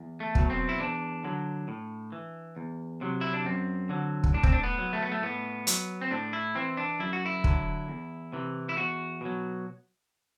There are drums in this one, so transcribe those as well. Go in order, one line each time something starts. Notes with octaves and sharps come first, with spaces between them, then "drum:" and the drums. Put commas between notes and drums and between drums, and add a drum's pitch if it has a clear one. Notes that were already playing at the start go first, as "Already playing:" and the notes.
Already playing: E2
A3
B2 F#3, drum: kick
C4
E4
E2 D4
D3 F#3
A2
E3
E2
C3 F#3
E4
D4
F#2 C4
D3 F#3
drum: kick
A2 D4
C4, drum: kick
D4
B3
F#3
A3
B3
A3
A2 B3
F#3, drum: hi-hat
C4
A2 D4
E4
E3 C4
D4
F#2 E4
F#4
E4
D3 F#3, drum: kick
E2
C3 E3
E4
E2 F#4
B2 F#3